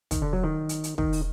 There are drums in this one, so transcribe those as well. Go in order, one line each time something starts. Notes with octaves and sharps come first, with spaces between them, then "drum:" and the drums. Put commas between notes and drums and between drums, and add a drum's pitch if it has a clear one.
D#3, drum: kick, hi-hat
D3
F#3
D#3
drum: hi-hat
drum: hi-hat
D#3, drum: kick
drum: open hi-hat